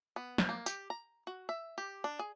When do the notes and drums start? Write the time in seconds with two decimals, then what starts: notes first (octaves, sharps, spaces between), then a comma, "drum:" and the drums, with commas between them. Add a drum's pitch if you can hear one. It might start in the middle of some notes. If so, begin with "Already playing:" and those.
0.16 B3
0.38 drum: snare
0.49 A#3
0.66 G4, drum: tambourine
0.90 A#5
1.27 F#4
1.49 E5
1.78 G4
2.04 D4
2.19 G#4